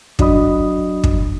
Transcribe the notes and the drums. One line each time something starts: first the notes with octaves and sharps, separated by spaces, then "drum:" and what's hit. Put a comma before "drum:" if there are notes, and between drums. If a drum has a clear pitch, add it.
F#3 D4 F#4 D#5 B5 D#6, drum: kick
drum: kick